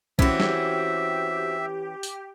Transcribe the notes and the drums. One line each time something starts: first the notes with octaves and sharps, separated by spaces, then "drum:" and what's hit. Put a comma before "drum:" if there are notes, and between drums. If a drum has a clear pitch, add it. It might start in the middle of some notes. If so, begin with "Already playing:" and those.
E3 C4 C#4 F#4 G4 E5, drum: kick B1
drum: snare
drum: tambourine